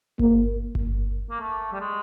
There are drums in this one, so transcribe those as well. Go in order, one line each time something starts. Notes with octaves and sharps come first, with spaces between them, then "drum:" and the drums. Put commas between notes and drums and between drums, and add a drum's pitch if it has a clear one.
A#3, drum: kick G1
drum: kick G1
A#3
A3
G3
G#3